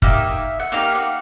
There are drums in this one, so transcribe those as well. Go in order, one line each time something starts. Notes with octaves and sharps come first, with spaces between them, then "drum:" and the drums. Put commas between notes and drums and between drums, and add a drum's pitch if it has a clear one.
A#3 D#4 G4 E5, drum: kick
F#5
A#3 D#4 G4 F5
F#5